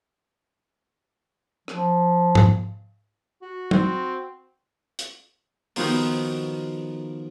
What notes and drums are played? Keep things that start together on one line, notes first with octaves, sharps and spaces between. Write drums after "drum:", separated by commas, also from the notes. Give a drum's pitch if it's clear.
F3, drum: rim click
drum: tom
F#4
C4, drum: tom
drum: hi-hat
D#3 F3 B3 F4 F#4, drum: open hi-hat